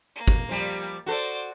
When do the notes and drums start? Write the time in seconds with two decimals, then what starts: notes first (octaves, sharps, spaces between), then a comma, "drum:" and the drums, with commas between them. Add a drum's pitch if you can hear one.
0.16 A#3
0.28 drum: kick
0.49 F3 G3
1.06 F#4 A4 C5 D5